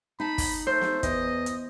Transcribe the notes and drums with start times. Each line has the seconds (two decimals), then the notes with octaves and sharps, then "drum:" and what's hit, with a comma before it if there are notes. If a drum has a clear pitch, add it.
0.20 D#4 A5 B5
0.38 drum: kick, open hi-hat
0.67 A3 C5
0.81 drum: snare
1.03 E2 D#5, drum: kick, hi-hat
1.46 drum: hi-hat